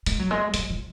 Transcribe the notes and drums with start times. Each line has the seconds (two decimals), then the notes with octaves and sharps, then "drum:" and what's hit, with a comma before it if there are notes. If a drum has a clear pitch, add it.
0.06 G#3, drum: hi-hat
0.19 F#3
0.31 G#3
0.54 F#3, drum: hi-hat
0.70 F3